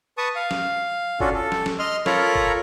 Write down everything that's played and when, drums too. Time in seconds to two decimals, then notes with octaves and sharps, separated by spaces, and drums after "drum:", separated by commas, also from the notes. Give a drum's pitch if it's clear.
0.18 B4 A5 C#6 D#6
0.36 F5
0.51 drum: snare
1.20 C#4 D4 F4 F#4 A4, drum: kick F#1
1.34 A4
1.52 drum: snare
1.66 drum: snare
1.79 D#5 C6 F6
2.06 F4 A4 A#4 C#5 A#5 B5, drum: snare
2.35 drum: kick F#1